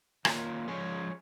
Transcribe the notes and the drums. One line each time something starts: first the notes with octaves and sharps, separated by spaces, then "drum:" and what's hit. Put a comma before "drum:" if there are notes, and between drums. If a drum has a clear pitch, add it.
D#3 A#3 F4 C#5, drum: rim click
F3 G#3 C#4 G#4 C#5